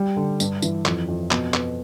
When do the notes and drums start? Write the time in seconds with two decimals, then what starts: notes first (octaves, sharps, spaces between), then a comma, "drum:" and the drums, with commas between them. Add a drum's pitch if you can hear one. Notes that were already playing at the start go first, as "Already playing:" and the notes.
Already playing: G3
0.16 D3
0.40 G2, drum: tambourine
0.62 E3, drum: tambourine
0.86 F2, drum: clap
1.09 F2
1.31 B2, drum: clap
1.54 B3, drum: clap